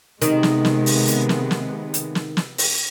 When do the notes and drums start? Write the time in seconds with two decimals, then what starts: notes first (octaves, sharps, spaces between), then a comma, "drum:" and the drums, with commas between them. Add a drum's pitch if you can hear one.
0.22 C3 D#3 G#3 B3, drum: hi-hat
0.43 drum: snare
0.65 drum: snare
0.86 drum: open hi-hat
1.08 drum: hi-hat
1.29 drum: snare
1.51 drum: snare
1.94 drum: hi-hat
2.15 drum: snare
2.37 drum: snare
2.58 drum: open hi-hat